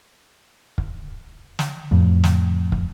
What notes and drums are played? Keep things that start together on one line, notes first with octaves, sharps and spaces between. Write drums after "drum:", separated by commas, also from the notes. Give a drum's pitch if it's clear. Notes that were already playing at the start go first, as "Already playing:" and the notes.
drum: kick
drum: snare
F2 A2
drum: snare
drum: kick